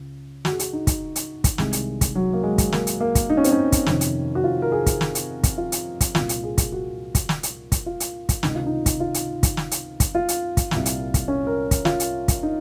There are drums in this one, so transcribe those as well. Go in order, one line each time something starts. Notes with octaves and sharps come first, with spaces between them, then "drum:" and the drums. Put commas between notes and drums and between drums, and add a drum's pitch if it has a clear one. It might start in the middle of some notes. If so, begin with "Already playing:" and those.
Already playing: C#2 C#3
F#4, drum: snare
G#4
F#4, drum: hi-hat
D#4
drum: kick, hi-hat
drum: hi-hat
drum: kick, hi-hat
C2 C3 D#3 G#3, drum: snare
drum: hi-hat
drum: kick, hi-hat
F#3
A#3
G#3
drum: kick, hi-hat
A#3, drum: snare
drum: hi-hat
A#3
drum: kick, hi-hat
D#4
C#4
C4, drum: hi-hat
C#4
drum: kick, hi-hat
F2 C3 D#3, drum: snare
drum: hi-hat
F#4
F4
A#4
G#4
drum: kick, hi-hat
drum: snare
drum: hi-hat
drum: kick, hi-hat
F4
drum: hi-hat
drum: kick, hi-hat
C2 A#2 F4, drum: snare
drum: hi-hat
G#4
drum: kick, hi-hat
F#4
drum: kick, hi-hat
drum: snare
drum: hi-hat
drum: kick, hi-hat
F4
drum: hi-hat
drum: kick, hi-hat
C#2 C3 D#3 D#4, drum: snare
F4
D#4
drum: kick, hi-hat
F4
drum: hi-hat
drum: kick, hi-hat
drum: snare
drum: hi-hat
drum: kick, hi-hat
F4
drum: hi-hat
drum: kick, hi-hat
C2 A#2, drum: snare
drum: hi-hat
drum: kick, hi-hat
C#4
A#4
drum: kick, hi-hat
F4, drum: snare
drum: hi-hat
drum: kick, hi-hat
D#4